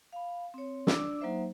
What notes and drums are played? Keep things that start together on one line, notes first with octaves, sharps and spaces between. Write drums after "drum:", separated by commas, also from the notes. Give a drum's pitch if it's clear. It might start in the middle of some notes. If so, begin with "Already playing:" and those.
F5 B5
C4 C#5
D4 D5 D6 E6, drum: snare
F#3 A#3 D#4 C5 E5